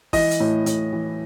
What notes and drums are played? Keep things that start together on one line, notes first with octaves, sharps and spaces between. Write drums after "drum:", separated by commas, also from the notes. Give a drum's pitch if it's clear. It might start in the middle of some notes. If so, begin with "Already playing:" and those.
E3 D#5, drum: kick, open hi-hat
drum: hi-hat
A2
A2, drum: hi-hat
E3